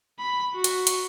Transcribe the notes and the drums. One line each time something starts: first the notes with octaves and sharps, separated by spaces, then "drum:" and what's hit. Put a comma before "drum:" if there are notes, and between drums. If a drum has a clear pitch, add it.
B5
F#4
drum: hi-hat
drum: hi-hat